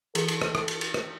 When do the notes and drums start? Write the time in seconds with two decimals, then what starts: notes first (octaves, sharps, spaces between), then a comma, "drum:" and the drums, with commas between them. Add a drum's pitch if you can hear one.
0.15 E3 G#4 A4, drum: cymbal
0.28 drum: cymbal
0.42 drum: rim click
0.55 drum: rim click
0.68 drum: cymbal
0.81 drum: cymbal
0.94 drum: rim click